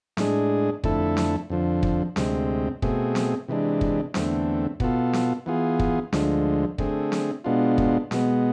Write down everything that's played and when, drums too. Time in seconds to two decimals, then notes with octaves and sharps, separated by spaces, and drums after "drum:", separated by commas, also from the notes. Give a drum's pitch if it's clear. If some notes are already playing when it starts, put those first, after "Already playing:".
0.17 A2 G#3 D4 G#4, drum: snare C4
0.84 F2 D3 A3 E4 A4, drum: kick
1.17 drum: snare C4
1.50 F2 D3 F3
1.83 drum: kick
2.16 D2 C3 G#3 C4, drum: snare C4
2.82 B2 A3 C4 G#4, drum: kick
3.15 drum: snare C4
3.48 C3 E3 G#3 D4
3.81 drum: kick
4.14 E2 D3 A3 C4, drum: snare C4
4.80 B2 B3 F4 A4, drum: kick
5.13 drum: snare C4
5.46 E3 B3 F4 G#4
5.79 drum: kick
6.13 D2 D3 F3 G#3, drum: snare C4
6.78 D3 A3 C4 G#4, drum: kick
7.12 drum: snare C4
7.44 B2 G#3 B3 D4 F4
7.78 drum: kick
8.11 B2 G#3 B3, drum: snare C4